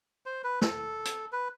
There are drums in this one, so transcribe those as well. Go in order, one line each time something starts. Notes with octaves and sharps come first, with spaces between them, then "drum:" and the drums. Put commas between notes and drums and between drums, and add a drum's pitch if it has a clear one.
C5
B4
A4, drum: snare
drum: hi-hat
B4